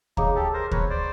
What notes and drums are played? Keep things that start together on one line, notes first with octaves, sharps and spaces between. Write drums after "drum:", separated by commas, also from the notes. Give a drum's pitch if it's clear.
D#4 G#4 C#5 F5 A#5 D6, drum: kick D2
G4 A4
A#4 C5
B4 C#5, drum: kick D2
C5 D5